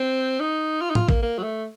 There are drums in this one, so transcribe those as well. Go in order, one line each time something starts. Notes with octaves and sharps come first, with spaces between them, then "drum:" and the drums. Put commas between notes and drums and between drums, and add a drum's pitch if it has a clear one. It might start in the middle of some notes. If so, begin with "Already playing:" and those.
Already playing: C4
D#4
F4
D#4
F4, drum: tom
A#3, drum: kick
A#3
F#3
A3